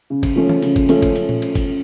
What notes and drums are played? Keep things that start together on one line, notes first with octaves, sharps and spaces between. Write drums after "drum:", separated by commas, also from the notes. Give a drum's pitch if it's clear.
C#3
drum: kick G1, cymbal
F3 A3 C#4
drum: tom E3
C#3, drum: cymbal
drum: kick G1, cymbal
F3 A3 C#4, drum: cymbal
drum: kick G1, cymbal
drum: cymbal
drum: tom A#2
drum: cymbal
drum: kick G1, cymbal